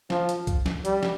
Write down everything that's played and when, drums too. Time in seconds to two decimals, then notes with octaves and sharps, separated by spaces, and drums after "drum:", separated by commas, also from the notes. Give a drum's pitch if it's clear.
0.10 F3, drum: snare
0.29 drum: hi-hat
0.47 drum: kick, hi-hat
0.66 drum: snare
0.85 G3, drum: hi-hat
1.03 drum: snare